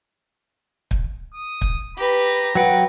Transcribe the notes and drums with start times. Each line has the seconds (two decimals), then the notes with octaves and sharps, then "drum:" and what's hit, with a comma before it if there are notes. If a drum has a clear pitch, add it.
0.91 drum: kick
1.34 D#6
1.61 drum: kick
1.97 G4 B4 A#5
2.55 F#3 B4 F#5 G5